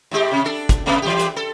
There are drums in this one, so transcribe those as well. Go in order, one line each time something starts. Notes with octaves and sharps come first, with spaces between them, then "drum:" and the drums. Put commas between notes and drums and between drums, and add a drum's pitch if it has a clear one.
A2 G#3 G4
C3 C#4
D4 A4
drum: kick, hi-hat
C3 A3 B3
E3 G3 G4
drum: hi-hat
A4